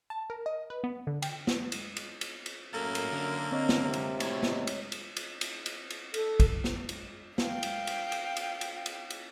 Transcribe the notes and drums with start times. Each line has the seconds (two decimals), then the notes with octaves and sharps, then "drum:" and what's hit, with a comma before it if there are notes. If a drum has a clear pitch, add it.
0.10 A5
0.30 A#4
0.46 D#5
0.70 B4
0.84 B3
1.07 D3
1.22 G5, drum: cymbal
1.47 drum: snare
1.72 drum: cymbal
1.97 drum: cymbal
2.21 drum: cymbal
2.46 drum: cymbal
2.74 F#2 A2 A#3 A4
2.95 drum: cymbal
3.12 D3
3.52 C4 C#5 D#5
3.69 drum: snare
3.82 C3
3.93 drum: cymbal
4.20 A3 E4 F#4, drum: cymbal
4.43 drum: snare
4.67 drum: cymbal
4.92 drum: cymbal
5.17 drum: cymbal
5.41 drum: cymbal
5.66 drum: cymbal
5.90 drum: cymbal
6.14 A4, drum: cymbal
6.40 drum: kick, cymbal
6.64 drum: snare
6.89 drum: cymbal
7.38 F5 G5, drum: snare
7.63 drum: cymbal
7.87 drum: cymbal
8.12 drum: cymbal
8.37 drum: cymbal
8.61 drum: cymbal
8.86 drum: cymbal
9.10 drum: cymbal